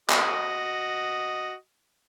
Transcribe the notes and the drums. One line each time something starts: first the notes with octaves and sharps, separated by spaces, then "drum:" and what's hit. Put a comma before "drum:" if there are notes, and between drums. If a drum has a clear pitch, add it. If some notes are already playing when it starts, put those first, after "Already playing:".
F#4 D#5, drum: clap